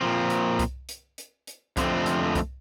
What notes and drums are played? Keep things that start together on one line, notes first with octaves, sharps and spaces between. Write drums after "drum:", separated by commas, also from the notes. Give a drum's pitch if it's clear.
A#2 F3 C4
drum: hi-hat
drum: kick C2, hi-hat
drum: hi-hat
drum: hi-hat
drum: hi-hat
F2 D3 F3 A3 C4, drum: kick C2, hi-hat
drum: hi-hat
drum: kick C2, hi-hat